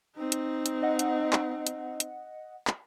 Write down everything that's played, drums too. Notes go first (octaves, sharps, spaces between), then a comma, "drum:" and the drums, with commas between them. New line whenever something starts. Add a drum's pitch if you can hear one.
C4 D#4
drum: hi-hat
drum: hi-hat
D#5 F#5
drum: hi-hat
drum: clap
drum: hi-hat
drum: hi-hat
drum: clap